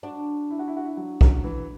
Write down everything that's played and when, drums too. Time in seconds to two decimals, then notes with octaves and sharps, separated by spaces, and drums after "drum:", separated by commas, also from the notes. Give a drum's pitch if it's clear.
0.03 D4 F#4
0.50 E4
0.59 F#4
0.68 E4
0.77 F#4
0.85 E4
0.97 F#3
1.21 F#3, drum: kick
1.44 E3